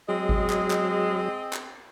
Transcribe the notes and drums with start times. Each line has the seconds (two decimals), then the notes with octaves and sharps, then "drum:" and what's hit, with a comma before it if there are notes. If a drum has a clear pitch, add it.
0.09 F#3 G#3 C4 G#4 D#5
0.29 drum: kick G#1
0.50 drum: clap
0.70 drum: clap
1.53 drum: clap